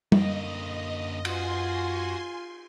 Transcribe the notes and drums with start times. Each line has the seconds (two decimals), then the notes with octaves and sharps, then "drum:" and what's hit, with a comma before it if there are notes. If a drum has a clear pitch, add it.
0.12 F#2 D3 A#3 D#5, drum: tom
1.25 F4 F#4 G#5 C6, drum: cymbal